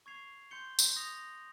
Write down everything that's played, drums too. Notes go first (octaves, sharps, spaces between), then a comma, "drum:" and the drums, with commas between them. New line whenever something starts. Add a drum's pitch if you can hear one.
C#6 G#6 C7 F7
C6 G6 C#7 G7
drum: tambourine
D#6 A#6 F7